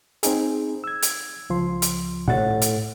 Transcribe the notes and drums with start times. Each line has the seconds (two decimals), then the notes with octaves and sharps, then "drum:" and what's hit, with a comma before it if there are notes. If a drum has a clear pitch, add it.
0.23 C4 D#4 G#4, drum: hi-hat
0.84 E6 G#6
1.02 drum: hi-hat
1.50 C#2 F3 C6
1.82 drum: hi-hat
2.28 A2 F#5 A6
2.62 drum: hi-hat